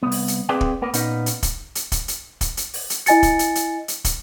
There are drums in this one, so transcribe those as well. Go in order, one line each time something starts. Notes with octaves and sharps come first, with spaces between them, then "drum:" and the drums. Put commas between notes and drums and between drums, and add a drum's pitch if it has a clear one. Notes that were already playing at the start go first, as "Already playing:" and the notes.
C2 B3
drum: open hi-hat
drum: hi-hat
C4 G#4 B4 D5 F5 G5
drum: kick
A#3 B3 A#4
A#2 B3 C#4 D#4, drum: hi-hat
drum: hi-hat
drum: kick, hi-hat
drum: hi-hat
drum: kick, hi-hat
drum: hi-hat
drum: kick, hi-hat
drum: hi-hat
drum: open hi-hat
drum: hi-hat
E4 D#5 G#5 A6 C#7, drum: hi-hat
drum: kick, hi-hat
drum: hi-hat
drum: hi-hat
drum: hi-hat
drum: kick, hi-hat